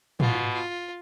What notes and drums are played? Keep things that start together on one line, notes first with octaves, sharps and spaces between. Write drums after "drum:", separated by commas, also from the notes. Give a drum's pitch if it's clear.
B2 F4, drum: tom
F4